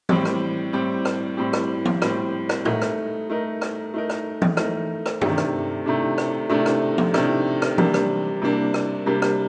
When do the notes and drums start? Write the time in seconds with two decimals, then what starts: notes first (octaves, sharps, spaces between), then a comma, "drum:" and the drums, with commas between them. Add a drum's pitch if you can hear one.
0.09 A2 G3 C4 G4, drum: tom E3
0.25 drum: rim click
0.73 A2 G3 C4 G4
1.05 drum: rim click
1.37 A2 G3 C4 G4
1.53 drum: rim click
1.85 drum: tom F3
2.02 A2 G3 C4 G4, drum: rim click
2.49 drum: rim click
2.65 A3 D#4 A#4, drum: tom A2
2.81 drum: rim click
3.30 A3 D#4 A#4
3.62 drum: rim click
3.94 A3 D#4 A#4
4.10 drum: rim click
4.42 drum: tom E3
4.57 A3 D#4 A#4, drum: rim click
5.06 drum: rim click
5.21 C3 D#3 A3 D4, drum: tom G2
5.38 drum: rim click
5.86 C3 D#3 A3 D4
6.18 drum: rim click
6.50 C3 D#3 A3 D4
6.66 drum: rim click
6.98 drum: tom F3
7.14 C3 D#3 A3 D4, drum: rim click
7.62 drum: rim click
7.78 C3 G3 A#3 D4, drum: tom E3
7.94 drum: rim click
8.42 C3 G3 A#3 D4
8.74 drum: rim click
9.06 C3 G3 A#3 D4
9.22 drum: rim click